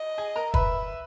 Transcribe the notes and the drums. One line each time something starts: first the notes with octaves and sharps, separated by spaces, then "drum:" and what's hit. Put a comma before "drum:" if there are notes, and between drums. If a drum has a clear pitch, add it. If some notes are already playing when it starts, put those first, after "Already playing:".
Already playing: D#5
G#4 G#5
A#4 A#5
B4 E5 B5, drum: kick